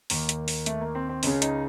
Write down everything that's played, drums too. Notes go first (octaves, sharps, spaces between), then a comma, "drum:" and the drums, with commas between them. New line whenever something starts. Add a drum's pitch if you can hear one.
D#2 D#3 A#3, drum: open hi-hat
drum: hi-hat
drum: open hi-hat
A3, drum: hi-hat
A#3
C4
C4
C#2 C#3 C#4, drum: open hi-hat
D#4, drum: hi-hat